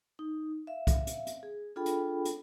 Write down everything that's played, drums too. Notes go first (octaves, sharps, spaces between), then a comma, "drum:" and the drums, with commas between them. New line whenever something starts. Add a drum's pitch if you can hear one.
D#4
E5 F5
drum: kick C2, hi-hat
drum: hi-hat
drum: hi-hat
G#4
D4 F4 G#4 A4 G5 B5
drum: hi-hat
drum: hi-hat